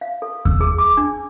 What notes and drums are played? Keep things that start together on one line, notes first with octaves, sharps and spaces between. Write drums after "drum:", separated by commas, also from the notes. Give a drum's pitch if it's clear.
F5
A4
E6, drum: kick E2
G#4
D6
D4